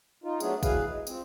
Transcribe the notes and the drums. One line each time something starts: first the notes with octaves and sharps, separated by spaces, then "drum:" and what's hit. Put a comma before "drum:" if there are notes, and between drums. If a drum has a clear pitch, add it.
D#4 F4
F#3 A3 B3 C#4 D4 G#4, drum: tambourine
D2 E3 F#3 G#4 B4 F5, drum: kick, tambourine
G#3
F3 C4, drum: tambourine